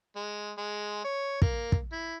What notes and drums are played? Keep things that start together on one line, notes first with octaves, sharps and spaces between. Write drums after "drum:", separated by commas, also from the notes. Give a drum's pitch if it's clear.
G#3
G#3
C#5
A#3, drum: kick
drum: kick
E4